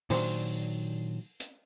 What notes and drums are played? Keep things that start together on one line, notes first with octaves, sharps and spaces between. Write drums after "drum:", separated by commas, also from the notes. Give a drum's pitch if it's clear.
A#2 D#3 F#3 D4 C5, drum: open hi-hat
drum: hi-hat